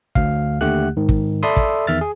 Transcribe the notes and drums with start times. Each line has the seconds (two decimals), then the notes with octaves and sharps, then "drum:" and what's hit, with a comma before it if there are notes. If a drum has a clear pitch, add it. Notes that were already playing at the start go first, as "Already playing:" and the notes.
0.15 D2 F5, drum: kick
0.61 D#2 D3 A3 G4 F#5 F#6
0.97 G#2 D#3
1.09 drum: kick
1.43 A4 D5 E5 B5 C6 D#6
1.57 drum: kick
1.87 E2 D#3 E5 F6 A6
2.01 G#4